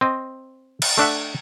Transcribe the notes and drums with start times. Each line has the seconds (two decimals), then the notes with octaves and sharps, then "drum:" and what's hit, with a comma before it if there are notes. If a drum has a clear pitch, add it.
0.01 C4 D#5
0.82 drum: cymbal
0.98 A3 D4 E5 F#5